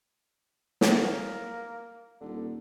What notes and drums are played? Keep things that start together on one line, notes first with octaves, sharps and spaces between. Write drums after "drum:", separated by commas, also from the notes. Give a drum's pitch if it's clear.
drum: snare
A#3
D#1 D3